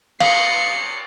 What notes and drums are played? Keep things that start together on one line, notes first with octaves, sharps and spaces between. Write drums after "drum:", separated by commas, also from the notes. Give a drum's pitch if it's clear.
F5 C7 C#7, drum: cymbal